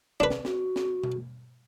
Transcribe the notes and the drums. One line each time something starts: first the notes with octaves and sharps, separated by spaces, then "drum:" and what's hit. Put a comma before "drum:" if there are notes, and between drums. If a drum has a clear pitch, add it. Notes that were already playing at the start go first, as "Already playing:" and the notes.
D4 B4
drum: snare
F#4, drum: snare
drum: snare
drum: tom B2